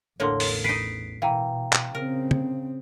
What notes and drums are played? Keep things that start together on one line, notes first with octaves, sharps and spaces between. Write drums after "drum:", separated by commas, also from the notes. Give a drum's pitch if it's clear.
A1 E2 A2 D3 A#3 C#5 C6
drum: open hi-hat
D#4 B4 B6 C7 D7
B2 E3 F5 G5 A#5
drum: clap
C#3 C4 A#4
drum: tom